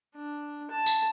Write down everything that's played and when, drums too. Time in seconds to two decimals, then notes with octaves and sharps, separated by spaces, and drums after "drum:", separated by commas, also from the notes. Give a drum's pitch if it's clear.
0.16 D4
0.70 A5
0.86 drum: tambourine